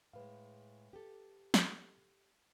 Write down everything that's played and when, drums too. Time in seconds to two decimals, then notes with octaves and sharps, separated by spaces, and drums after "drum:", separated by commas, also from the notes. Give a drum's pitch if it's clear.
0.13 A2 G#3 B4 F5
0.93 G4 A4
1.54 drum: snare